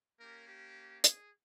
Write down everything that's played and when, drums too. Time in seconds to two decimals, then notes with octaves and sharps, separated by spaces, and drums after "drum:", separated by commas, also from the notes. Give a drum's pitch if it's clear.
0.19 A#3 C#4 G4 A#4
0.47 G4
1.04 G#4, drum: hi-hat